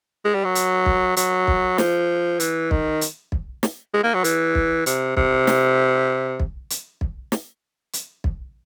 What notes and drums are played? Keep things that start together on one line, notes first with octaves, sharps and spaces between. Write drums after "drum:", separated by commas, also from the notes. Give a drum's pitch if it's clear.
G#3
G3
F#3
drum: hi-hat
drum: kick
F#3, drum: hi-hat
drum: kick
F3, drum: snare
E3, drum: hi-hat
D#3, drum: kick
drum: hi-hat
drum: kick
drum: snare
G#3
A#3
F#3
E3, drum: hi-hat
drum: kick
C3, drum: hi-hat
C3, drum: kick
drum: snare
drum: kick
drum: hi-hat
drum: kick
drum: snare
drum: hi-hat
drum: kick